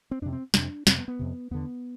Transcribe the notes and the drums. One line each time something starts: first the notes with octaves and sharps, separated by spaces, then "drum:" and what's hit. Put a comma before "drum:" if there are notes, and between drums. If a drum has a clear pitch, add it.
C4
F2 C3 D4
C4
F2 C3 D4, drum: snare
F2 C3 C4, drum: snare
B3
B3
F2 C3
E2 D3 B3